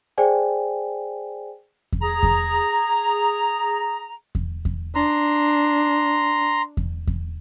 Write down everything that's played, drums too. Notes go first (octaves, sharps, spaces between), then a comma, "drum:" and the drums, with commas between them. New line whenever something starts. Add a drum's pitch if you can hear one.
G#4 C5 D5 G5 G#5
drum: kick E2
G#4 A#5
drum: kick E2
drum: kick E2
drum: kick E2
D4 A#5 C6
drum: kick E2
drum: kick E2